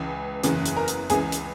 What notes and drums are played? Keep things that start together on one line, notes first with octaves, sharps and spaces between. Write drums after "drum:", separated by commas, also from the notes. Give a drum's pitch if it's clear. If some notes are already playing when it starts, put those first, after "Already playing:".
Already playing: C#2 C#3 E3
F#1 E2 C#3 E3, drum: hi-hat
drum: hi-hat
A#4 A#5
drum: hi-hat
C#2 C#3 E3 G#4 G#5, drum: hi-hat
drum: hi-hat